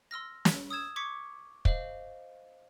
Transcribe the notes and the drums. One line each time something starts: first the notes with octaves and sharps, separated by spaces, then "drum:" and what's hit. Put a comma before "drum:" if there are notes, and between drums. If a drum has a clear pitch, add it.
C6 E6 F6 A#6
drum: snare
D#6 E6 G#6 E7
C#6 D6 G#6 B6 C#7
C5 D#5 F5 F#7, drum: kick